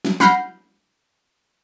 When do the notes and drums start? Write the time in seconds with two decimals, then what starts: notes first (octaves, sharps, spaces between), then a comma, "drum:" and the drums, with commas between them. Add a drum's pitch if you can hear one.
0.05 drum: snare
0.20 F#5 B5 F6 G6 A#6 C7, drum: snare